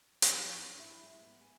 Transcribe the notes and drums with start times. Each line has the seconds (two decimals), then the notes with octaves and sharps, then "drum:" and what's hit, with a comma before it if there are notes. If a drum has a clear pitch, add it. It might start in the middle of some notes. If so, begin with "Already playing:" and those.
0.22 F3, drum: hi-hat
0.50 G4
0.67 D4
0.79 E4
1.03 G#3
1.22 B3
1.41 G#5